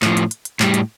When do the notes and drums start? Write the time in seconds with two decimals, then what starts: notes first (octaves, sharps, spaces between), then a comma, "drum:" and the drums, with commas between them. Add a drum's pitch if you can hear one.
0.02 A2 F3, drum: clap
0.17 drum: hi-hat
0.31 drum: hi-hat
0.45 drum: hi-hat
0.60 A2 G3, drum: clap
0.74 drum: hi-hat